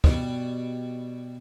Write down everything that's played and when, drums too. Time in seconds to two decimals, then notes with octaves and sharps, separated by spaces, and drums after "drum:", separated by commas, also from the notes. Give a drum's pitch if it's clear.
0.04 B2 G3, drum: kick